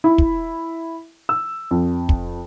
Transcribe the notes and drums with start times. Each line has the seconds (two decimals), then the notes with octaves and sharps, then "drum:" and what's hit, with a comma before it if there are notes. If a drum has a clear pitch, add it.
0.04 E4
0.18 drum: kick
1.29 E6
1.71 F2
2.09 drum: kick